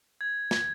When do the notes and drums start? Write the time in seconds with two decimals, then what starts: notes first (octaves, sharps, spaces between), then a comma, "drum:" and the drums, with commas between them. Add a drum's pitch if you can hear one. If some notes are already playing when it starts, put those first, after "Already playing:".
0.21 G#6
0.51 G#6, drum: snare